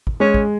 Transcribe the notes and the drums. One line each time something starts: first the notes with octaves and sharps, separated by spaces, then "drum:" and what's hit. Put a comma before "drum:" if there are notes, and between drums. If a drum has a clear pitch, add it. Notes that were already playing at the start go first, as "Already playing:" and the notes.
drum: kick
G#3 C#4
drum: kick